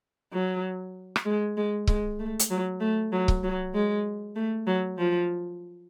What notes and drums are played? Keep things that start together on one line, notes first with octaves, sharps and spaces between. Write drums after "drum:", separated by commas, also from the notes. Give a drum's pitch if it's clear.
F#3
drum: rim click
G#3
G#3
G#3, drum: kick C#1
A3
drum: hi-hat
F#3
A3
F#3
drum: kick C#1
F#3
G#3
A3
F#3
F3